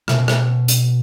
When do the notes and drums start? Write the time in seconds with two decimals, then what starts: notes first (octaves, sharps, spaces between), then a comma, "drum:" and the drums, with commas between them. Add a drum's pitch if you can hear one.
0.08 B2, drum: rim click
0.28 drum: rim click
0.68 drum: hi-hat